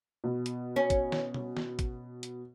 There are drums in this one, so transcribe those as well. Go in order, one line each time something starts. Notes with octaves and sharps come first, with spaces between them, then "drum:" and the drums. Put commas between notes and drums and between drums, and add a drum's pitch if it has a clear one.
B2
drum: hi-hat
C#4
drum: kick, hi-hat
drum: snare
drum: tom B2
drum: snare
drum: kick, hi-hat
drum: hi-hat